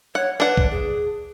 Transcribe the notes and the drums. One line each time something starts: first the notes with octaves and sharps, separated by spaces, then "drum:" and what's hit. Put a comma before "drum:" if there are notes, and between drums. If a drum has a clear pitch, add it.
C#5 F#5
D4 B4 F#5
drum: kick
G#4